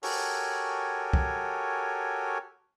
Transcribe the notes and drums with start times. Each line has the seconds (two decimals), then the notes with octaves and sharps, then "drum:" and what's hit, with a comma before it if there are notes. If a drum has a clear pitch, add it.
0.03 F#4 G4 A4 A#4 C#5 G#5, drum: open hi-hat
1.13 drum: kick